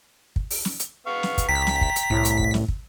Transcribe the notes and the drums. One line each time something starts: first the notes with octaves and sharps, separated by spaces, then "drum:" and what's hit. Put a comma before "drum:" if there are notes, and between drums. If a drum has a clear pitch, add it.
drum: kick
drum: open hi-hat
drum: snare
drum: hi-hat
B3 F5 C#6
drum: snare
drum: kick, hi-hat
C#2 G5 A#5 B6
drum: snare
drum: kick
drum: hi-hat
C2 A2
drum: hi-hat
drum: kick
drum: snare
drum: kick